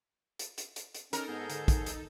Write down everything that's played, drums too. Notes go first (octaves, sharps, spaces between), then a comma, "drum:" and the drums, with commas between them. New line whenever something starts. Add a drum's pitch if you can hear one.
drum: hi-hat
drum: hi-hat
drum: hi-hat
drum: hi-hat
C#4 D#4 A4 A#4, drum: hi-hat
G#2 B3 G#4 G6
D3, drum: hi-hat
drum: kick, hi-hat
drum: hi-hat